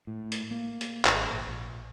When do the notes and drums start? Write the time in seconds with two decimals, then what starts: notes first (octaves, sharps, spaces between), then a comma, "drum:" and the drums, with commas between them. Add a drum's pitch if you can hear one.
0.07 A2
0.32 drum: hi-hat
0.51 A#3
0.81 drum: hi-hat
1.05 G#1, drum: clap
1.29 A#1
1.48 A#1